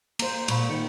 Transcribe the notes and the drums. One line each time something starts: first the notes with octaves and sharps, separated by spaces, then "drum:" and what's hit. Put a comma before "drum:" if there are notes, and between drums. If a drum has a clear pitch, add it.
A#3 C5 A#5, drum: cymbal
A#2 B5 C#6, drum: cymbal
D#3 C#7